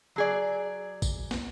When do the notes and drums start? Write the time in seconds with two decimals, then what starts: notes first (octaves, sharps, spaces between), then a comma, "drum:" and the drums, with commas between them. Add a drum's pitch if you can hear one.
0.16 F#3 G#4 D5
1.02 drum: kick A1, tambourine
1.31 drum: snare